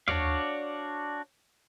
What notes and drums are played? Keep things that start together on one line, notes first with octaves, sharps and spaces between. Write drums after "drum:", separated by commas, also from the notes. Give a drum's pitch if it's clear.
D4 F#4 C#5 D5 F5, drum: tom D#2